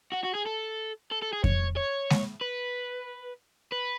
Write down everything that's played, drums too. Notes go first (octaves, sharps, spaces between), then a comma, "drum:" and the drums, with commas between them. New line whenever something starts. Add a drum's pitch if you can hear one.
F#4
F#4
G#4
A4
A4
A4
G#4
C#5, drum: kick F2
C#5
drum: snare G#3
B4
B4